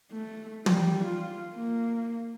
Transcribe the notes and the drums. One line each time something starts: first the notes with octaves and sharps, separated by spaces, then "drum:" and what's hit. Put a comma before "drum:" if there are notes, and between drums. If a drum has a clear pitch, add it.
A3
G3, drum: tom
F4
A#3